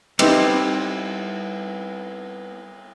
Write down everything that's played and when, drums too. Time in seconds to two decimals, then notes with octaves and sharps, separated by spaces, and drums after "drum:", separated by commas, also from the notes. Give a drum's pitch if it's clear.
0.19 G3 B3 C4 D#4 E4 G4, drum: cymbal